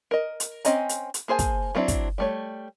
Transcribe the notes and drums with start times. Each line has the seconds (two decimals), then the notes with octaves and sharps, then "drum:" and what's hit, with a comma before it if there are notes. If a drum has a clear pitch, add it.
0.11 A#4 D#5
0.40 drum: hi-hat
0.65 C4 C#4 D#5 G#5 A#5, drum: hi-hat
0.89 drum: hi-hat
1.14 drum: hi-hat
1.28 A#3 G#4 C5 G#5 A5
1.39 drum: kick, hi-hat
1.75 F#3 B3 C4 D4 E4
1.88 drum: kick, hi-hat
2.18 G3 A3 C#5